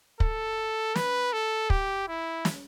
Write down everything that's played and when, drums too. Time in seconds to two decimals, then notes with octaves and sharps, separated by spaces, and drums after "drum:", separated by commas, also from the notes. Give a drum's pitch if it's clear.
0.20 A4, drum: kick
0.95 B4, drum: snare
1.33 A4
1.70 G4, drum: kick
2.08 E4
2.45 drum: snare